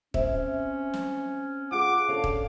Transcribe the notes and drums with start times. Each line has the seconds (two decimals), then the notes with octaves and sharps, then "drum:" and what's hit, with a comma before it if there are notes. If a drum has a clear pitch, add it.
0.14 C4 C#4 E5, drum: kick
0.93 drum: snare
1.72 F4 G#4 F#5 D6
2.08 C#3 D4 A4 F5
2.24 drum: kick